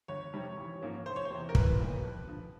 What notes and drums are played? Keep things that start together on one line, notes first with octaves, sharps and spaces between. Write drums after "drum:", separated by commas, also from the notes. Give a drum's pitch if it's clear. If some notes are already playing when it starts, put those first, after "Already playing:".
G1 C#5
F2 C3 D#3 G3
A1
G#2 F3 A#3 C#4
F1 C5
C#5
C5
E2 C3
A#4
C2 B4, drum: kick
A#2 G3 B3 D#4
F2
D3 F3